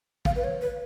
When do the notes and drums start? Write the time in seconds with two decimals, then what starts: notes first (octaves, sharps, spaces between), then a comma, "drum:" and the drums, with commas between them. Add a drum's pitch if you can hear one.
0.25 F5, drum: kick
0.36 B4
0.44 C#5
0.61 B4